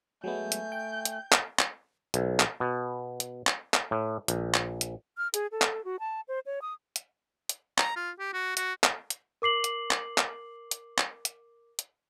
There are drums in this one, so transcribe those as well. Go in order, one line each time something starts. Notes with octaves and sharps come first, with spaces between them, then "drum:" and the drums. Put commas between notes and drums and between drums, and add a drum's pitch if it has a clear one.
F#3 G#3 A3 B3 G#5 G6
drum: hi-hat
G5
drum: hi-hat
drum: clap
drum: clap
B1, drum: hi-hat
drum: clap
B2
drum: hi-hat
drum: clap
drum: clap
A2
A#1, drum: hi-hat
drum: clap
drum: hi-hat
F6
G#4, drum: hi-hat
A4
drum: clap
F#4
A5
C5
C#5
D#6
drum: hi-hat
drum: hi-hat
A#5, drum: clap
F4
G4
F#4
F#4, drum: hi-hat
drum: clap
drum: hi-hat
A#4 D6 C7 F#7
drum: hi-hat
drum: clap
drum: clap
drum: hi-hat
drum: clap
drum: hi-hat
drum: hi-hat